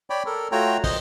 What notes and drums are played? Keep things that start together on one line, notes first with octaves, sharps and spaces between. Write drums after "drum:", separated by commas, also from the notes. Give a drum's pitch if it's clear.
C#5 D5 G5 B5 D6
A4 A#4
A3 F4 F#4 C#5 G5 A#5
C5 D#5, drum: kick, open hi-hat